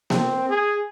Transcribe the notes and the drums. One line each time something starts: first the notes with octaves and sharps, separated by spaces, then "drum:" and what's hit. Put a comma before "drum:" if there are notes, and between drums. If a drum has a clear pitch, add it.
C4, drum: snare A#3
G#4